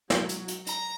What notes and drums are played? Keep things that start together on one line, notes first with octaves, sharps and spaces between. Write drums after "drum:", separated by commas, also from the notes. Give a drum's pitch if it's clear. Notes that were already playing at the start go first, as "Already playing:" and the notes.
F#3, drum: snare
drum: hi-hat
drum: hi-hat
A#5, drum: hi-hat